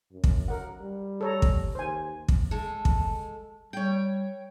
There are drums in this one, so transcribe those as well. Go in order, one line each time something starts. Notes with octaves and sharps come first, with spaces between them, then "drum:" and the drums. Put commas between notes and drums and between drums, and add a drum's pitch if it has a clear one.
F#2
drum: kick
A#4 F#5
G3
A4 C#5 A#5
drum: kick
D#2 C5 G#5
drum: kick
G#3 A4
drum: kick
G3 C#5 G5